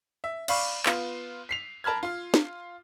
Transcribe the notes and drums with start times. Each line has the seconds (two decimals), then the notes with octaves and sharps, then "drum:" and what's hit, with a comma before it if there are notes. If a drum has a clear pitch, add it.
0.24 E5
0.48 D5 F5 B5 C#6, drum: cymbal
0.86 B3 F4, drum: clap
1.49 B6 C7 F7
1.84 A#4 A5 B5 F6 G#6
2.03 F4 F5
2.34 drum: snare